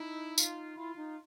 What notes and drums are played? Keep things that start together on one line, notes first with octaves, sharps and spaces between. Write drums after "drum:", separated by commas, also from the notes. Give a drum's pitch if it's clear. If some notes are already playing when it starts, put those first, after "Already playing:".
Already playing: D#4 E4
F4, drum: tambourine
E4 F4
D#4